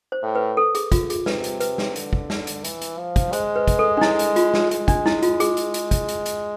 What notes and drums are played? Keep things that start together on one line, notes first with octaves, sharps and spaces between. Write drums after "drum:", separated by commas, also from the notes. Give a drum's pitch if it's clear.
C5
A2
B4
A4
G#4, drum: hi-hat
F4, drum: kick, hi-hat
G#4, drum: hi-hat
C3 B4, drum: snare
drum: hi-hat
B4, drum: hi-hat
drum: snare
D3, drum: hi-hat
drum: kick
drum: snare
drum: hi-hat
E3, drum: hi-hat
drum: hi-hat
F3
drum: kick, hi-hat
G#3 C5, drum: hi-hat
B4
drum: kick, hi-hat
A4
D4
E4, drum: snare
drum: hi-hat
F4, drum: hi-hat
drum: snare
G#3, drum: hi-hat
D4, drum: kick, hi-hat
E4, drum: snare
F4, drum: hi-hat
G#4, drum: hi-hat
drum: hi-hat
drum: hi-hat
drum: kick, hi-hat
drum: hi-hat
drum: hi-hat